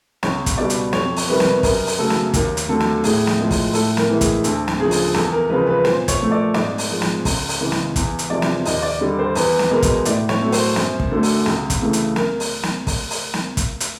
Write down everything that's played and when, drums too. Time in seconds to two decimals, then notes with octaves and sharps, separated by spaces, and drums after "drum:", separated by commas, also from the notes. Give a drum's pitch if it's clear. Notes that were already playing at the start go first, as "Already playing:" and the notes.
0.23 C#2 C#5, drum: snare
0.46 drum: kick, hi-hat
0.57 B2 G3 D5
0.70 drum: hi-hat
0.93 F2 C#5, drum: snare
1.17 drum: open hi-hat
1.28 C3 D#3 G3 B4
1.40 drum: snare
1.63 F#2 A#4, drum: kick, open hi-hat
1.87 drum: open hi-hat
1.98 C#3 F#3 A3 A4
2.10 drum: snare
2.34 D#2 A#4, drum: kick, hi-hat
2.57 drum: hi-hat
2.69 D3 F#3 A3 A4
2.80 drum: snare
3.04 A2 G#4, drum: open hi-hat
3.27 drum: snare
3.39 F3 G#3
3.51 drum: kick, open hi-hat
3.73 A2 A4, drum: open hi-hat
3.97 A#4, drum: snare
4.09 E3 G#3
4.21 G#4, drum: kick, hi-hat
4.44 D2 A4, drum: hi-hat
4.68 drum: snare
4.80 C#3 F3 G#4
4.91 drum: open hi-hat
5.14 E2 A4, drum: snare
5.32 A#4
5.49 C#3 F3 G#3 B4
5.67 B4
5.85 A#2 C5, drum: snare
6.08 C#5, drum: kick, hi-hat
6.20 F3 A3
6.31 D5
6.54 G#2 D5, drum: snare
6.78 drum: open hi-hat
6.90 F3 G#3
7.02 drum: snare
7.25 C#2, drum: kick, open hi-hat
7.48 drum: open hi-hat
7.60 C#3 E3 G#3
7.72 drum: snare
7.96 E2, drum: kick, hi-hat
8.19 drum: hi-hat
8.30 C3 F3 G#3 D5
8.42 drum: snare
8.65 D#2 D#5, drum: open hi-hat
8.82 D5
9.01 D3 G3
9.19 C5
9.35 E2 B4, drum: open hi-hat
9.59 drum: snare
9.70 B2 G#3 A#4
9.83 drum: kick, hi-hat
10.05 A2 D5, drum: hi-hat
10.29 C#5, drum: snare
10.41 F#3 A3
10.52 C5, drum: open hi-hat
10.76 F#2, drum: snare
11.00 drum: kick
11.11 D3 F#3 A3
11.23 drum: open hi-hat
11.46 C#2, drum: snare
11.70 drum: kick, hi-hat
11.81 C#3 E3 A3
11.93 drum: hi-hat
12.16 A#4, drum: snare
12.40 drum: open hi-hat
12.63 drum: snare
12.87 drum: kick, open hi-hat
13.10 drum: open hi-hat
13.34 drum: snare
13.57 drum: kick, hi-hat
13.80 drum: hi-hat